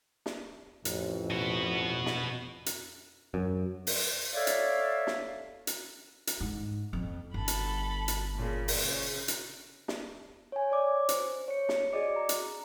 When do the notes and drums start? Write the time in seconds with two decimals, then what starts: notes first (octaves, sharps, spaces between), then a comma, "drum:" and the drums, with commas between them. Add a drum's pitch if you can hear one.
0.26 drum: snare
0.85 A1 F2, drum: hi-hat
1.30 B2 F#4
2.06 drum: snare
2.66 drum: hi-hat
3.34 F#2
3.87 drum: open hi-hat
4.34 A4 C#5 D5 E5 F5
4.47 drum: hi-hat
5.07 drum: snare
5.67 drum: hi-hat
6.27 drum: hi-hat
6.40 G#2
6.93 F2
7.34 G1 A4 B5
7.48 drum: hi-hat
8.08 drum: hi-hat
8.36 A#2 C#3
8.68 drum: open hi-hat
8.85 C#3
9.28 drum: hi-hat
9.88 drum: snare
10.52 C#5 G#5
10.70 C#5 D5 D6
11.09 C5, drum: hi-hat
11.48 C#5 C#7
11.69 drum: snare
11.92 F#4 G#4 D5 D#5 D6 C#7
12.16 A#5
12.29 drum: hi-hat